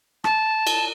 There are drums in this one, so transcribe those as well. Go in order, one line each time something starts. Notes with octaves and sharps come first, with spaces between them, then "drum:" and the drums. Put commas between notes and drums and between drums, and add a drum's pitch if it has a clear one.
A5, drum: rim click
drum: cymbal